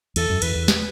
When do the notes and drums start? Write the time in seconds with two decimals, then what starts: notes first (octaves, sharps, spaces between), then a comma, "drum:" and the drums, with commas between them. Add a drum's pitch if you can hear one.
0.16 E2 A4, drum: cymbal
0.30 F#2
0.42 E2 B4, drum: cymbal
0.55 E2
0.68 drum: snare